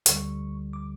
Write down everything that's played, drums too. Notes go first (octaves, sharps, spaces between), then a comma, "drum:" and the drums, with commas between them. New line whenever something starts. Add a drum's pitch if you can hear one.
D2 D3 G3 C#6, drum: hi-hat
D6